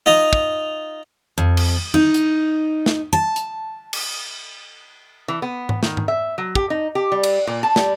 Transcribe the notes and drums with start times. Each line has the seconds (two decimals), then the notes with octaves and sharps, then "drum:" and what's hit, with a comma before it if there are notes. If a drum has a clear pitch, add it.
0.06 D#4 F4 D#5 A#5
0.33 drum: kick
1.38 F2
1.57 drum: cymbal
1.94 D#4, drum: tom D#3
2.14 drum: hi-hat
2.86 drum: snare
3.13 A5
3.36 drum: hi-hat
3.93 drum: cymbal
5.28 E3
5.42 B3
5.69 drum: tom G#2
5.83 D#3, drum: snare
5.97 drum: tom G#2
6.08 E5
6.38 F#3
6.55 G4, drum: kick
6.70 D#4
6.95 G4
7.12 G3
7.23 drum: cymbal
7.47 A#2
7.63 A5
7.76 G3, drum: snare